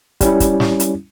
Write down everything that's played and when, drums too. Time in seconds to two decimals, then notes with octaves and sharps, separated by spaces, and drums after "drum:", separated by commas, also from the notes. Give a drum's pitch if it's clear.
0.21 G3 C#4 E4, drum: kick, hi-hat
0.40 drum: kick, hi-hat
0.60 drum: snare
0.80 drum: hi-hat